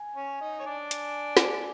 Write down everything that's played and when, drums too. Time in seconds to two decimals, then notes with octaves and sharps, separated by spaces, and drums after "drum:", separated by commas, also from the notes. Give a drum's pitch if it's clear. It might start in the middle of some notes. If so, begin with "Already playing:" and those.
Already playing: G#5
0.16 C#4 C#5
0.41 D#4 D#5
0.60 C#5
0.66 D4 D5
0.91 G#5, drum: hi-hat
1.37 drum: snare